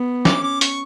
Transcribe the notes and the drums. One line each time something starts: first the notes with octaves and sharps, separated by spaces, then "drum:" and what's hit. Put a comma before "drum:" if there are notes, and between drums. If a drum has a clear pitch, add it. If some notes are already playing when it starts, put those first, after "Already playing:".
Already playing: B3
C#4 D6, drum: snare
D6
C#6, drum: hi-hat